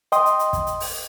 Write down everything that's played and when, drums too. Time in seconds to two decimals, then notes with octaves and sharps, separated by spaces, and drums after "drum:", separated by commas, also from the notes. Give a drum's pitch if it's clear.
0.12 D#5 G5 C6 D#6, drum: hi-hat
0.26 drum: hi-hat
0.39 drum: hi-hat
0.53 drum: kick, hi-hat
0.67 drum: hi-hat
0.80 drum: open hi-hat